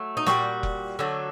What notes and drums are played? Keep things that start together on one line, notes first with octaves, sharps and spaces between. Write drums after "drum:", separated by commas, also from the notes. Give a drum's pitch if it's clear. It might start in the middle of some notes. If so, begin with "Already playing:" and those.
Already playing: F#3 A3
D#4
A#2 G3 F#4, drum: snare
drum: kick F1
D3 F#3 A3